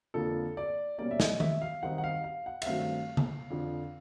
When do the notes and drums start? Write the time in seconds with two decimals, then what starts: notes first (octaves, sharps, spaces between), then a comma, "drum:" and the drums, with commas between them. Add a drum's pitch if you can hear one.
0.14 F2 D3 F3 A#3 A4
0.57 D5
0.98 B2 G3 A#3 C#4 D5
1.11 E5
1.20 D#5, drum: snare
1.40 E5, drum: tom D#3
1.62 F5
1.83 D#3 G3 C4 D#4 F#5
1.98 F#5
2.04 F5
2.24 F5
2.46 F#5
2.62 E5, drum: cymbal
2.66 G2 D#3 F#3 A3 C4 F5
3.17 drum: tom C#3
3.50 F2 D3 F3